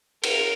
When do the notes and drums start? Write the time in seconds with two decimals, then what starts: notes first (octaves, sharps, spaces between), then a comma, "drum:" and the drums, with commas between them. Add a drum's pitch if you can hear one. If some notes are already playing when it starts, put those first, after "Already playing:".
0.24 A#4, drum: cymbal